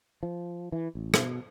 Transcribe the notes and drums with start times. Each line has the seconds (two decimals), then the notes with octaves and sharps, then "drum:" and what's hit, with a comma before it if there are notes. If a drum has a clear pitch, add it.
0.23 F3
0.72 E3
0.95 A1
1.14 B2, drum: rim click